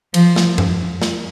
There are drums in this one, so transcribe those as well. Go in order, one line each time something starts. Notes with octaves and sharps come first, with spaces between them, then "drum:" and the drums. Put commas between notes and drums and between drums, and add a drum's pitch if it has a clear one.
F3, drum: cymbal
drum: snare
drum: tom F#2
drum: snare